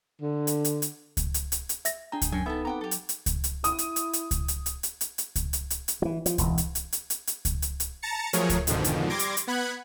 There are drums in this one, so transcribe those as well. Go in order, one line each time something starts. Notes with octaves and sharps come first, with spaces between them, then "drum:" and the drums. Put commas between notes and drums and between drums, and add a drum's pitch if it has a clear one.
D3
drum: hi-hat
drum: hi-hat
drum: hi-hat
drum: kick C#2, hi-hat
drum: hi-hat
drum: hi-hat
drum: hi-hat
E5 A#6, drum: hi-hat
D4 G#4 G5 A#5
drum: kick C#2, hi-hat
F#2 D4 G5 G#5
B3 D#4 A4 E5 G5 A5
C4 F#5 G5 A#5 D6
F#3 G4 A4
drum: hi-hat
drum: hi-hat
drum: kick C#2, hi-hat
drum: hi-hat
E4 D#6, drum: hi-hat
drum: hi-hat
drum: hi-hat
drum: hi-hat
drum: kick C#2, hi-hat
drum: hi-hat
drum: hi-hat
drum: hi-hat
drum: hi-hat
drum: hi-hat
drum: kick C#2, hi-hat
drum: hi-hat
drum: hi-hat
drum: hi-hat
E3 F3
F3, drum: hi-hat
E1 E2, drum: kick C#2, hi-hat
drum: hi-hat
drum: hi-hat
drum: hi-hat
drum: hi-hat
drum: hi-hat
drum: kick C#2, hi-hat
drum: hi-hat
drum: hi-hat
A5 A#5 A6 C#7
F3 F#3 A3 G#4 A#4 C#5, drum: hi-hat
drum: kick C#2, hi-hat
F2 G#2 B2 D3 D#3 F3, drum: hi-hat
drum: hi-hat
G3 C6 D6 G#6 A#6
drum: hi-hat
drum: hi-hat
B3 F#5 B5 F#6 G#6